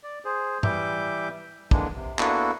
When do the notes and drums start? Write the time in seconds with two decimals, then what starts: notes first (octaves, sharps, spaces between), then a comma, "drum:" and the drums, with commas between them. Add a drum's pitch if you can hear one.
0.03 D5
0.25 G#4 C5
0.63 E3 G3 E5 D6 G6, drum: tom G#2
1.71 D3 E3 G#3 A#3 D4, drum: kick
1.94 C3
2.19 A#3 B3 D4 E4 F#4 A4, drum: clap